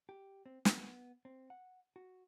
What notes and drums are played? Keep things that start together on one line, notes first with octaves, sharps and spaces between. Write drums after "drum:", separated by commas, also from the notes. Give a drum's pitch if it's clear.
G4
C4
B3, drum: snare
C4
F#5
F#4